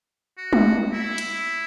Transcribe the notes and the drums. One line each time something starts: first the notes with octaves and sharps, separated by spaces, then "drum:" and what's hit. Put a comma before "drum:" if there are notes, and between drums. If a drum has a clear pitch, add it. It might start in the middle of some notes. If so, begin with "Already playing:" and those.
F#4
drum: tom G3
E4
drum: hi-hat